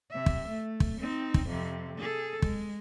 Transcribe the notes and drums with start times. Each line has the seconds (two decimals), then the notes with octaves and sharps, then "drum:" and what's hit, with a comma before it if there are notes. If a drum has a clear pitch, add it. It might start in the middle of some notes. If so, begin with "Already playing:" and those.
0.10 C3 E5
0.26 drum: kick
0.49 A3
0.80 drum: kick
1.00 C4 D#4
1.34 drum: kick
1.46 F2 C3
1.98 G#4 A4
2.42 G#3, drum: kick